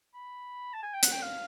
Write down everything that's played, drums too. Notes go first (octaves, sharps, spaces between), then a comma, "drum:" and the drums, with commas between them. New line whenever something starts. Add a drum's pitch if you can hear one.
B5
A5
G#5
G5
F#5, drum: hi-hat
G5
F5